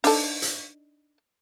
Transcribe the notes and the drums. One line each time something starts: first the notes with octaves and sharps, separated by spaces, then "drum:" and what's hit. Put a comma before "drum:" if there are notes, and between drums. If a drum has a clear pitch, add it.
D4 D#4 A4, drum: open hi-hat
drum: hi-hat